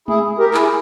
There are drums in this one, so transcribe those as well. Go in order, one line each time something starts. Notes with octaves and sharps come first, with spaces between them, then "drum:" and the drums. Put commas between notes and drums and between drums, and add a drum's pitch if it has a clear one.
E4 G#4, drum: tom G#3
G4 A#4
A#4
E4 G#4, drum: clap